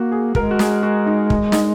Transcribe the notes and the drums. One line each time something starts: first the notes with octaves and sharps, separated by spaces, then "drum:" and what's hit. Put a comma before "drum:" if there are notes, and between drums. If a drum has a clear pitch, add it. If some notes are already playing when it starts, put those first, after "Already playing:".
Already playing: A#3 F#4
G#4
G#3 A#4, drum: kick
F#4
G#4, drum: snare
F#4
D#4
drum: kick
D#4, drum: snare